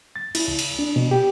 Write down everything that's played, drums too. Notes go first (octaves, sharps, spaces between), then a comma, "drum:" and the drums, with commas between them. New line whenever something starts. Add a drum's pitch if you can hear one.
A6
E4, drum: cymbal
C#2
drum: cymbal
D4
B2
G4